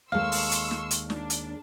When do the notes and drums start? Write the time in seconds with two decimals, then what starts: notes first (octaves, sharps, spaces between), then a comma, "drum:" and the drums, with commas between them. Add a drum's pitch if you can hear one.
0.12 D#2 G#3 A4 F5 C6 C#6 E6 F6
0.32 drum: open hi-hat
0.51 drum: hi-hat
0.71 drum: snare
0.91 drum: hi-hat
1.10 D4, drum: snare
1.30 drum: hi-hat